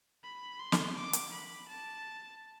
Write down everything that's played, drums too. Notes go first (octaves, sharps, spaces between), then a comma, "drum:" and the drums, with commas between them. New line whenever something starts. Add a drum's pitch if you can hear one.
B5
C6
drum: snare
D6
drum: hi-hat
B5
A5